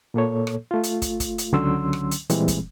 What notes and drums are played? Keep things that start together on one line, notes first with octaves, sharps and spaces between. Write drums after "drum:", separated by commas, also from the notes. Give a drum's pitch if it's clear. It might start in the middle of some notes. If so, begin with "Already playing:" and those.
A#2 A#3 A4 C#5
drum: rim click
A3 F4
drum: hi-hat
drum: kick, hi-hat
drum: kick, hi-hat
drum: hi-hat
C#2 D3 F#3 C#4 C6 E6
drum: rim click
drum: hi-hat
A#2 E3 G3 G#3 C4, drum: hi-hat
drum: kick, hi-hat